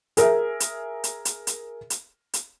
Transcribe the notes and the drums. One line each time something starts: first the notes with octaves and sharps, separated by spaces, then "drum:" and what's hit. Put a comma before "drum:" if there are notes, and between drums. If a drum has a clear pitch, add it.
G#4 A#4 E5, drum: hi-hat
drum: hi-hat
drum: hi-hat
drum: hi-hat
drum: hi-hat
drum: hi-hat
drum: hi-hat